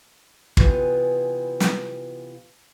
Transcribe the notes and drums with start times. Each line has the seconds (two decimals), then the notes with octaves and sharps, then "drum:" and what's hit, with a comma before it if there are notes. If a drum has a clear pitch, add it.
0.57 C3 E3 B3 F4 G#4, drum: kick
1.60 drum: snare